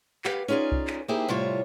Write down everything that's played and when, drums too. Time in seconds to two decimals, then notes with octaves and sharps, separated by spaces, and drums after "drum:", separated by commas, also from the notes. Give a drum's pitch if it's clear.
0.25 G4 B4 F5 F#5, drum: clap
0.48 C#4 D#4 F4 G#4 D5
0.72 drum: kick C2
0.87 drum: clap
1.08 A#3 C4 D#4 E4 G4 G#4
1.28 A2 C3 G3 E4 F4 C#5